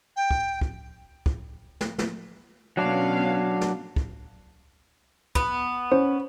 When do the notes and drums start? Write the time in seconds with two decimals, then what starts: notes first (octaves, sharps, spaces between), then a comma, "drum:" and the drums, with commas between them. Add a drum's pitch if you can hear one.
0.16 G5
0.31 drum: kick
0.61 drum: kick
1.26 drum: kick
1.81 drum: snare
1.98 drum: snare
2.77 B2 F#3 C#4 D4 F5
3.61 drum: snare
3.96 drum: kick
5.35 B3, drum: kick
5.92 C#4 C5